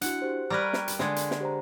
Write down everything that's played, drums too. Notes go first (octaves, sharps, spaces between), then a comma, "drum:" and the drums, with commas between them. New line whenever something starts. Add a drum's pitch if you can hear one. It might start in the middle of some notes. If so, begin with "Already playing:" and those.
D4 E4 F#4 F#5, drum: hi-hat
G4 C5
G3 A#4 B4 A#5 C#6 G#6
drum: snare
drum: hi-hat
D3 G#3 G#5 C6 G#6, drum: snare
drum: hi-hat
drum: snare
G4 C5 A#5